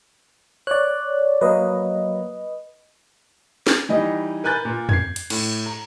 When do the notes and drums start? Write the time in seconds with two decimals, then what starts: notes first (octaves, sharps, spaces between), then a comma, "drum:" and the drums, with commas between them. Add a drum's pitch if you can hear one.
0.67 C#5 D5 F#6
1.41 F#3 A#3 B4 D#5
3.67 drum: snare
3.89 E3 G3 D#4 D#5
4.44 A#4 B4 G#5 F#6 G6 A6
4.65 A#2
4.89 G#6 C7, drum: tom E2
5.16 drum: hi-hat
5.30 A2, drum: cymbal
5.66 A#5